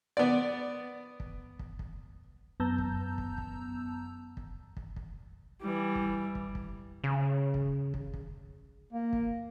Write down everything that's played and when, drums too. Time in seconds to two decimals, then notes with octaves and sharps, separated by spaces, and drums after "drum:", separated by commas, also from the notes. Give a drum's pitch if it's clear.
0.17 B3 D5
1.20 drum: kick
1.59 drum: kick
1.79 drum: kick
2.60 F#2 B3 A5 A#5 E6 G6
2.78 drum: kick
3.18 drum: kick
3.38 drum: kick
4.37 drum: kick
4.77 drum: kick
4.96 drum: kick
5.61 E3 G3
5.96 drum: kick
6.35 drum: kick
6.55 drum: kick
7.04 C#3
7.54 drum: kick
7.94 drum: kick
8.14 drum: kick
8.93 A#3
9.13 drum: kick